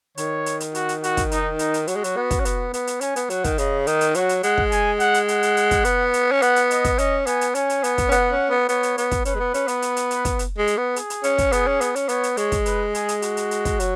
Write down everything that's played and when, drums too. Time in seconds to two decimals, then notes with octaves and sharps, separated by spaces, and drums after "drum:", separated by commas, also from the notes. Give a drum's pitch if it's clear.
0.17 D#3 C#5, drum: hi-hat
0.46 drum: hi-hat
0.60 drum: hi-hat
0.75 F#4, drum: hi-hat
0.89 drum: hi-hat
1.04 F#4, drum: hi-hat
1.17 drum: kick, hi-hat
1.32 D#4, drum: hi-hat
1.59 D#4, drum: hi-hat
1.74 drum: hi-hat
1.87 F#3 F#4, drum: hi-hat
1.96 G#3
2.04 F#3, drum: hi-hat
2.16 B3
2.31 drum: kick, hi-hat
2.40 C#4
2.45 B3, drum: hi-hat
2.74 B3, drum: hi-hat
2.87 drum: hi-hat
3.01 C#4 G#5, drum: hi-hat
3.16 B3, drum: hi-hat
3.30 F#3 F#5, drum: hi-hat
3.44 D#3, drum: kick, hi-hat
3.58 C#3 D#5, drum: hi-hat
3.87 D#3 D#4, drum: hi-hat
4.01 drum: hi-hat
4.14 F#3 F#4, drum: hi-hat
4.29 drum: hi-hat
4.43 G#3 F#5, drum: hi-hat
4.58 drum: kick
4.72 G#5, drum: hi-hat
5.00 F#5, drum: hi-hat
5.14 drum: hi-hat
5.28 F#5, drum: hi-hat
5.43 drum: hi-hat
5.57 drum: hi-hat
5.71 drum: kick, hi-hat
5.85 B3, drum: hi-hat
6.14 drum: hi-hat
6.32 C#4
6.42 B3 F#5, drum: hi-hat
6.56 drum: hi-hat
6.71 D#5, drum: hi-hat
6.84 drum: kick, hi-hat
6.98 C#4 D#5, drum: hi-hat
7.27 B3 G#5, drum: hi-hat
7.41 drum: hi-hat
7.55 C#4 G#5, drum: hi-hat
7.70 drum: hi-hat
7.84 B3, drum: hi-hat
7.98 drum: kick, hi-hat
8.09 C#4
8.12 B3 F#5, drum: hi-hat
8.32 C#4
8.50 B3
8.69 B3 C#5, drum: hi-hat
8.83 drum: hi-hat
8.98 B3, drum: hi-hat
9.11 drum: kick, hi-hat
9.25 C#4 B4, drum: hi-hat
9.35 G#3
9.40 B3
9.54 C#4, drum: hi-hat
9.68 B3, drum: hi-hat
9.82 drum: hi-hat
9.97 drum: hi-hat
10.11 drum: hi-hat
10.25 drum: kick, hi-hat
10.39 drum: hi-hat
10.58 G#3
10.67 drum: hi-hat
10.77 B3
10.96 G#4, drum: hi-hat
11.10 drum: hi-hat
11.24 C#4, drum: hi-hat
11.38 drum: kick, hi-hat
11.52 B3 G#4, drum: hi-hat
11.67 C#4
11.81 B3, drum: hi-hat
11.96 C#4, drum: hi-hat
12.09 B3 C#5, drum: hi-hat
12.23 drum: hi-hat
12.37 G#3 C#5, drum: hi-hat
12.52 drum: kick, hi-hat
12.66 B4, drum: hi-hat
12.95 G#4, drum: hi-hat
13.09 drum: hi-hat
13.22 F#4, drum: hi-hat
13.37 drum: hi-hat
13.51 drum: hi-hat
13.65 drum: kick, hi-hat
13.80 F#3, drum: hi-hat